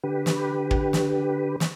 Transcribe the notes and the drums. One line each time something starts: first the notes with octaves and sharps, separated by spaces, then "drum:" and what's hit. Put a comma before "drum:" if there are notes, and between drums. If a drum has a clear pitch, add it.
D3 G4 B4
drum: snare
drum: kick
drum: snare
drum: snare